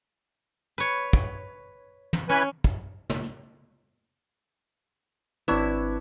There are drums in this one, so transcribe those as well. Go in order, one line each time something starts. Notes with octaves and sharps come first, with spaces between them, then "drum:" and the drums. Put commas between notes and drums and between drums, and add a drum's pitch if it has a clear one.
B4 C#5
drum: kick
drum: tom
E3 C#4 B4 G#5
drum: kick
drum: tom
drum: hi-hat
G#1 C4 D4 E4 B4 C#5 E6